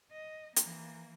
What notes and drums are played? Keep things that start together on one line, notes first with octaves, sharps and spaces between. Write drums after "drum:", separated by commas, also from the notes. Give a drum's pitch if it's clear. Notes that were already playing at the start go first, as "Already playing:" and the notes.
D#5
E3 A#3, drum: hi-hat